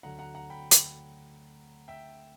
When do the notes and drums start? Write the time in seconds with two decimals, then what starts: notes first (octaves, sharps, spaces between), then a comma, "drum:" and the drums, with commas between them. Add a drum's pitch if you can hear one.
0.03 D2 D3 F#3 F#5 A#5
0.19 F#5 A#5
0.35 F#5 A#5
0.50 G5 B5
0.71 drum: hi-hat
1.88 E5 G5